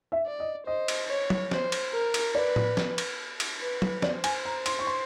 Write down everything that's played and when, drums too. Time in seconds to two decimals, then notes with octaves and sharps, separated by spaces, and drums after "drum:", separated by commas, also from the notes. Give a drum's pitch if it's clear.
0.12 E5
0.26 D5
0.40 D#5
0.67 C5 D#5
0.88 drum: cymbal
1.09 C#5
1.30 drum: tom
1.51 C5, drum: snare
1.72 drum: cymbal
1.93 A#4
2.14 drum: cymbal
2.35 B4 D5
2.56 drum: tom A2
2.77 drum: snare
2.98 drum: cymbal
3.40 drum: cymbal
3.61 B4
3.82 drum: tom
4.02 C5 D5, drum: snare
4.24 G#5, drum: cymbal
4.45 A#5
4.66 C6, drum: cymbal
4.79 C#6
4.87 C6